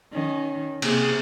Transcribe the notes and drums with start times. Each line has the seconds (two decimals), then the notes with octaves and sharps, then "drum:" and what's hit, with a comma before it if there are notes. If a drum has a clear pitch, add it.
0.13 D#3 C#4
0.82 C3 A#3 G#4, drum: cymbal